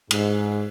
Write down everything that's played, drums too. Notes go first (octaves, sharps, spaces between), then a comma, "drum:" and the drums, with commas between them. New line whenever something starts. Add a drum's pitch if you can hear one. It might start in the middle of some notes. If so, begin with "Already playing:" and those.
G#2, drum: cymbal